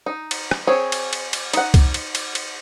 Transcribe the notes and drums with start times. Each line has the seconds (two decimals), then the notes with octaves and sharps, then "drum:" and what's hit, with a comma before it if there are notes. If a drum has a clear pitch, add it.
0.06 D#4
0.31 drum: cymbal
0.51 drum: rim click
0.67 C4 G#4 C#5
0.92 drum: cymbal
1.13 drum: cymbal
1.33 drum: cymbal
1.53 D#4 F#5, drum: cymbal
1.74 drum: kick C2, cymbal
1.94 drum: cymbal
2.15 drum: cymbal
2.35 drum: cymbal